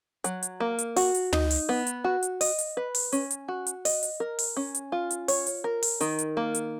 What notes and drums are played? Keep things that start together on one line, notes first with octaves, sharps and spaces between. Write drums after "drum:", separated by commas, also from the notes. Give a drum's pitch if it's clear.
F#3, drum: hi-hat
drum: hi-hat
A#3
drum: hi-hat
F#4, drum: open hi-hat
drum: hi-hat
D#4, drum: tom
drum: open hi-hat
B3
drum: hi-hat
F#4
drum: hi-hat
D#5, drum: open hi-hat
drum: hi-hat
B4
drum: open hi-hat
C#4, drum: hi-hat
drum: hi-hat
F#4
drum: hi-hat
D#5, drum: open hi-hat
drum: hi-hat
A#4
drum: open hi-hat
C#4
drum: hi-hat
F4
drum: hi-hat
C#5, drum: open hi-hat
drum: hi-hat
A#4
drum: open hi-hat
D#3, drum: hi-hat
drum: hi-hat
A#3
drum: hi-hat